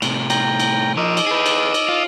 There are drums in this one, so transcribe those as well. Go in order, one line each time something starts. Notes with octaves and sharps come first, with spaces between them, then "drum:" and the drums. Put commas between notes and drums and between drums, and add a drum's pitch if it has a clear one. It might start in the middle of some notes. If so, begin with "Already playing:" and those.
A2 C3, drum: cymbal
G5 A#5, drum: cymbal
drum: cymbal
F3 A#4 D#5 D6 E6
drum: cymbal
G#4 B4
drum: cymbal
drum: cymbal
F4